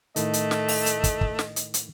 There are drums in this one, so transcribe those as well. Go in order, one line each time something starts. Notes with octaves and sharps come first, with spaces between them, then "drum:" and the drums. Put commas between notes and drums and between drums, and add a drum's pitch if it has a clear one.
A2 D#3 A3 D#5, drum: hi-hat
drum: hi-hat
drum: snare
drum: open hi-hat
drum: hi-hat
drum: kick, hi-hat
drum: kick
drum: snare
drum: hi-hat
drum: hi-hat